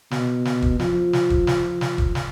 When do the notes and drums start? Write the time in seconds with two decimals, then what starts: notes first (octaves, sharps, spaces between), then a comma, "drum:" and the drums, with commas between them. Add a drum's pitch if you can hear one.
0.11 B2, drum: snare
0.45 drum: snare
0.62 drum: kick
0.79 F3, drum: snare
1.13 drum: snare
1.30 drum: kick
1.47 drum: snare
1.81 drum: snare
1.98 drum: kick
2.15 drum: snare